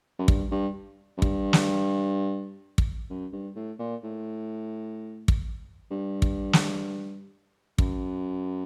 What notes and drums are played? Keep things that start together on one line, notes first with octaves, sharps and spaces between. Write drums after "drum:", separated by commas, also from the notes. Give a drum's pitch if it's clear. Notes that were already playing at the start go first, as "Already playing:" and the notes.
F#2
G2, drum: kick
G2
F#2
G2, drum: kick
drum: snare
drum: kick
F#2
G2
A2
A#2
A2
drum: kick
G2
drum: kick
drum: snare
F#2, drum: kick